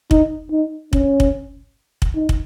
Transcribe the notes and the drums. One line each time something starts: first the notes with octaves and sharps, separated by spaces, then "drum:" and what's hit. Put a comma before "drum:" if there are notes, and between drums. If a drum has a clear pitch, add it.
D#4, drum: kick
D#4
C#4, drum: kick
drum: kick
drum: kick
D#4
drum: kick